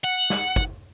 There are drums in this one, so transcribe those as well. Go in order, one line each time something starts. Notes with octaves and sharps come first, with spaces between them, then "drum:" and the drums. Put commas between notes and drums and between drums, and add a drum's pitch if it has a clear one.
F#5
drum: snare
drum: kick